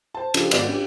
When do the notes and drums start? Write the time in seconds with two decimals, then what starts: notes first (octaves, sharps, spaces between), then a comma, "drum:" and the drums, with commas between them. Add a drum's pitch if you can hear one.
0.14 C5 A5
0.34 C#3 F3 D4 G4 B4, drum: cymbal
0.51 G#1 B3 B4 D5, drum: cymbal
0.68 C#4 D4 G4